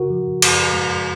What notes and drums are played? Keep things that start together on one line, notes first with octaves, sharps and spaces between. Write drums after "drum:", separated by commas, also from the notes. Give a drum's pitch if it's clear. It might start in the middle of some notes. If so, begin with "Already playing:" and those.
Already playing: C#3 F#4 A#4
F3
F#2, drum: cymbal
G#3